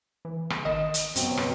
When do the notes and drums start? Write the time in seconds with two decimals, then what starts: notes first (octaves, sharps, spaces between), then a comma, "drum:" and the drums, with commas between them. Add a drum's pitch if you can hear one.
0.25 E3
0.50 drum: rim click
0.65 G#1 D#3 D#5 E7
0.94 drum: hi-hat
1.16 F#2 B2 F#3 C4, drum: hi-hat
1.37 drum: rim click